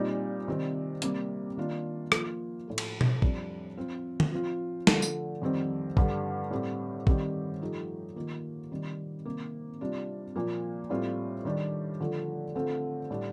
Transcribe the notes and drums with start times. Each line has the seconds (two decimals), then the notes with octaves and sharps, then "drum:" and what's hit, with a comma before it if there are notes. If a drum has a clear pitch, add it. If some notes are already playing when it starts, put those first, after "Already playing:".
Already playing: A#2 G3 C4 D#4
0.48 C3 D#3 G3 C4
1.02 C3 G3 A#3, drum: hi-hat
1.57 D#3 A#3 D4 F4
2.12 F3 A#3 F4, drum: rim click
2.67 A2 F3 A3
2.78 drum: cymbal
3.01 drum: tom B2
3.22 F2 C3 G3 D4, drum: kick
3.77 F3 C4 F4
4.20 drum: tom D3
4.32 F3 C4 F4
4.87 D3 F3 A3, drum: snare
5.02 drum: tambourine
5.42 F2 D#3 G3 C4
5.97 G2 D3 G3, drum: kick
6.51 A2 G3 C4
7.07 D#3 G3 C4 G4, drum: kick
7.61 F3 A3 D#4 G4
8.16 D#3 A#3 F4
8.71 C3 D#3 G3
9.25 C3 D#3 A#3
9.81 C3 G3 D4 F4
10.36 A#2 F3 A#3
10.90 A2 G3 C4 F4
11.45 D#3 G3 D4 G4
12.00 D3 F3 A3
12.55 D3 A3 C4 F4
13.10 A2 G3 D4 G4